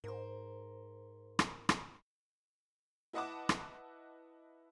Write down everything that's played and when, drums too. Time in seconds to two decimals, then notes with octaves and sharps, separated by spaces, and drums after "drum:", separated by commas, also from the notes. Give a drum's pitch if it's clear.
0.04 G#2 A#4 C5
1.39 drum: rim click
1.69 drum: rim click
3.13 E4 B4 D#5 F#5 A5 D6
3.49 drum: rim click